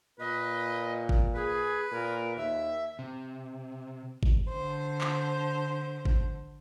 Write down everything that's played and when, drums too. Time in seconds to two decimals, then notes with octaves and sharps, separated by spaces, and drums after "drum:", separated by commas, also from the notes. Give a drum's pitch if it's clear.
0.20 A#2 B4 D#5
1.09 drum: kick G#1
1.35 G#4 B4
1.92 A#2 A#4
2.37 D#2 E5
2.99 C3
4.23 drum: kick G#1
4.49 D3 C5
5.01 drum: clap
6.05 drum: kick G#1